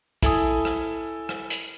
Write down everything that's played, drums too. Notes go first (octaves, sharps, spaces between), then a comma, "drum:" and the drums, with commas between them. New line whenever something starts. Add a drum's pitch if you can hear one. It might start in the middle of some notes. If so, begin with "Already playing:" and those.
E4 A4 G#5 D#6, drum: kick, hi-hat
drum: rim click
drum: rim click
drum: hi-hat